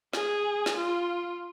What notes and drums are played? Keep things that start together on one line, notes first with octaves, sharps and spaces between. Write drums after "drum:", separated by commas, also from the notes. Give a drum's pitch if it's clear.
G#4, drum: snare
drum: snare
F4